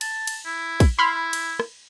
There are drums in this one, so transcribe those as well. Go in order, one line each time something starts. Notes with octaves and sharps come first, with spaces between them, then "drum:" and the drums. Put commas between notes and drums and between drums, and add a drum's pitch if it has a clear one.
A5, drum: cymbal
drum: cymbal
E4
drum: kick, cymbal
E4 B5 C6 F6
drum: cymbal
drum: rim click